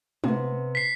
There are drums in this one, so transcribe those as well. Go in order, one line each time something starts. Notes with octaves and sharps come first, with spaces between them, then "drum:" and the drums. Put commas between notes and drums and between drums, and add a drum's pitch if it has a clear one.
C3 B3, drum: tom G#3
B6 C7